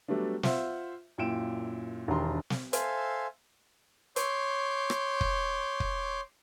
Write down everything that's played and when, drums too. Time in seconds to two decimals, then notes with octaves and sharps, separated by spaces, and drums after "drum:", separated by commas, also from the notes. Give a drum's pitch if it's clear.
0.08 F#3 G3 A3 B3 D4
0.43 F4 C5 E5 F#5, drum: snare
1.18 F#2 A#2 E4 G5 D7 E7
2.08 E1 D#3 D4 G4 A#5 C6
2.50 drum: snare
2.73 A4 C5 E5 F5 G#5 C6, drum: hi-hat
4.16 C#5 C6 D6 G6, drum: hi-hat
4.90 drum: rim click
5.21 drum: kick
5.80 drum: kick